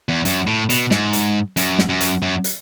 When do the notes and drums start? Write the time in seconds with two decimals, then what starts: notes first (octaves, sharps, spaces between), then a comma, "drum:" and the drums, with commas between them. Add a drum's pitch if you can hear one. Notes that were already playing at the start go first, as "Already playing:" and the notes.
0.09 E2
0.25 F#2, drum: hi-hat
0.47 A2
0.70 B2, drum: hi-hat
0.91 G#2, drum: snare
1.13 drum: hi-hat
1.57 F#2, drum: hi-hat
1.79 drum: snare
1.89 F#2
2.00 drum: hi-hat
2.22 F#2
2.44 drum: hi-hat